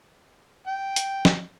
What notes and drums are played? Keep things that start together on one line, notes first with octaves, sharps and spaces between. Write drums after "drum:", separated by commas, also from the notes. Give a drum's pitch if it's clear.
G5
drum: hi-hat
drum: snare